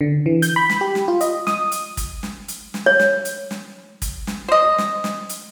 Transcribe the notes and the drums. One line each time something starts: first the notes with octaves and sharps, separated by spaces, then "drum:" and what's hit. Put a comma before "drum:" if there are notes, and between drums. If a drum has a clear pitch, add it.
D3
E3
G6, drum: hi-hat
B5
drum: snare
G4
drum: snare
F4
D#5, drum: hi-hat
D#6, drum: snare
drum: hi-hat
drum: kick G#1, hi-hat
drum: snare
drum: hi-hat
drum: snare
C#5
drum: snare
drum: hi-hat
drum: snare
drum: kick G#1, hi-hat
drum: snare
C5 D#5
drum: snare
drum: snare
drum: hi-hat